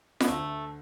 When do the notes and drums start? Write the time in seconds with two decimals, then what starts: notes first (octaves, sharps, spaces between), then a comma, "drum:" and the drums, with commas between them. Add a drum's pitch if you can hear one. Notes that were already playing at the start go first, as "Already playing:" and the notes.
0.20 B3, drum: snare F4
0.28 D2 A3